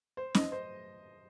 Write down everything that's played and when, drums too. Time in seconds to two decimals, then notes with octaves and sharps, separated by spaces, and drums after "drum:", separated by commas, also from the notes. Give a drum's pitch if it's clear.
0.17 C5
0.35 D#5, drum: snare C#4
0.52 C5